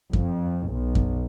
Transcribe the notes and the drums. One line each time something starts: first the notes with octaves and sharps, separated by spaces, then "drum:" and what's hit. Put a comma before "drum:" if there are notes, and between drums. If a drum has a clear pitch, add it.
F2, drum: kick F#2
B1
drum: kick F#2